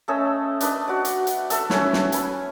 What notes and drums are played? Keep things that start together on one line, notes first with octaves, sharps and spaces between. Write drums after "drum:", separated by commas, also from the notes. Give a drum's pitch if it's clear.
A3 C#4 D#5 E6
D4 B4 D#5, drum: hi-hat
F#4 D5
drum: hi-hat
drum: hi-hat
A4 E5, drum: hi-hat
C#4 A4 B4 C#5, drum: snare
drum: snare
G#5 B5, drum: hi-hat